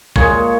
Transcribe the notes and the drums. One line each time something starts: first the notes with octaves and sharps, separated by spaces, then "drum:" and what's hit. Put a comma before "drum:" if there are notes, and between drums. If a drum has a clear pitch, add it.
A#2 G#3 C#5, drum: kick A1